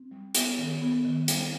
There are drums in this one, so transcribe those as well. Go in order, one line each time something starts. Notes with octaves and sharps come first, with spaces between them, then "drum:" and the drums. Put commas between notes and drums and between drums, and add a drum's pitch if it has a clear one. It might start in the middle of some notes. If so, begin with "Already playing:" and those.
Already playing: C4
G3
B3, drum: hi-hat
D#3
B3
D#3
G3, drum: hi-hat